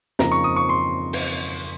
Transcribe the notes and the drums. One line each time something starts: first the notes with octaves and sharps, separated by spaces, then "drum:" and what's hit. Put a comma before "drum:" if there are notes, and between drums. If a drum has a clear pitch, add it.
F2 C#3 F3 A#3 D#4 A#5, drum: snare
C#6
D#6
C#6
C6
drum: open hi-hat